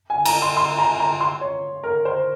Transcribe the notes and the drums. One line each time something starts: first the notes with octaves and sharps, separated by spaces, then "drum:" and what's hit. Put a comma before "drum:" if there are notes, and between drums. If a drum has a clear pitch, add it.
G#5
A#5, drum: cymbal
C6
C6
A#5
A#5
C6
C#5
A#4
C5